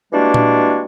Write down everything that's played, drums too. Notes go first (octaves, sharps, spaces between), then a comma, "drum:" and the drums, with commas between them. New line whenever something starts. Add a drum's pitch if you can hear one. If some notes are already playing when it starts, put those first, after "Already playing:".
E3 G3 G#3 A#3 D4 F#4
drum: tom A#2